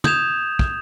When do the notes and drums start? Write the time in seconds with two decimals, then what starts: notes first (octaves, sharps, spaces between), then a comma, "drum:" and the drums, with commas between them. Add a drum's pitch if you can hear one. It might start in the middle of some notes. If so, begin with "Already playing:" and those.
0.04 D#6 G6 G#6 E7 F7, drum: tom
0.59 drum: kick